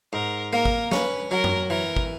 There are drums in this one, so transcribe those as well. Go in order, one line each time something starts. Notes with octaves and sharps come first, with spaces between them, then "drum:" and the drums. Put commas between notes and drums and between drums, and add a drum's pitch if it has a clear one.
G#2 A#4
A#3 A#4
drum: kick
C#4 B4, drum: snare
F#3 A#4
drum: tom F#2
E3 A#4
drum: kick